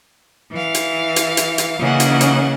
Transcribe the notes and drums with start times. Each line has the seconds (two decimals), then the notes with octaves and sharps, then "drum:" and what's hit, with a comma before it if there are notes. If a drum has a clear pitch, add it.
0.51 E3 F5
0.74 drum: hi-hat
1.16 drum: hi-hat
1.37 drum: hi-hat
1.58 drum: hi-hat
1.79 C#3 E3 A#3 C#4 D#5 F#5
2.00 drum: hi-hat
2.21 drum: hi-hat